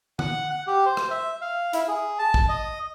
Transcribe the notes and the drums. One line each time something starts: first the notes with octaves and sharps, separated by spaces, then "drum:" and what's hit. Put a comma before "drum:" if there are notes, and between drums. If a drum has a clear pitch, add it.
F#5, drum: tom D3
F#5
G4
C5
drum: rim click
E5
F5
E4, drum: hi-hat
G#4
A5
drum: kick A1
D#5